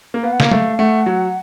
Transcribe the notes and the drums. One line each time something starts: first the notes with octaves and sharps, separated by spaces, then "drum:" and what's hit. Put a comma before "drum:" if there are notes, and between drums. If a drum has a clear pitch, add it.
A#3
B3 F5
F#5
A#3 F5, drum: snare
A3, drum: tom
A3 F#5
F#3